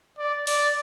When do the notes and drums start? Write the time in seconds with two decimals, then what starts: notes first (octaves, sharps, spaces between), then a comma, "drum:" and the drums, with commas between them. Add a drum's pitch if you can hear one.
0.18 D5
0.47 D5, drum: open hi-hat